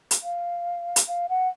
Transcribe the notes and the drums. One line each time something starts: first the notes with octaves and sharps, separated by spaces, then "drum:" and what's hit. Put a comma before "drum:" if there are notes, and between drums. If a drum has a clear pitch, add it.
drum: hi-hat
F5
drum: hi-hat
F5
F#5